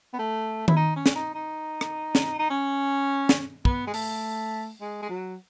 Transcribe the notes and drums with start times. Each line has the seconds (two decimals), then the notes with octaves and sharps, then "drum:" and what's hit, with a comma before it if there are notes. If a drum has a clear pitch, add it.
0.14 B3
0.19 A3
0.68 E4, drum: tom D#3
0.76 D#4
0.96 C#4
1.06 drum: snare
1.15 D#4
1.34 D#4
1.81 drum: rim click
2.15 drum: snare
2.39 D#4
2.50 C#4
3.29 drum: snare
3.65 B3, drum: kick
3.87 G#3
3.94 A3, drum: open hi-hat
4.81 G#3
5.02 G#3
5.10 F#3